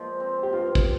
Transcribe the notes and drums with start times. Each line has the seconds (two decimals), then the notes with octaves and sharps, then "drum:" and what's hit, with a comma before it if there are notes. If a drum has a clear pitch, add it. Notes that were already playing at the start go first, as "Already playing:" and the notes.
Already playing: A#2 F3 G#3
0.20 C4
0.43 G4
0.53 G2 F4
0.75 drum: kick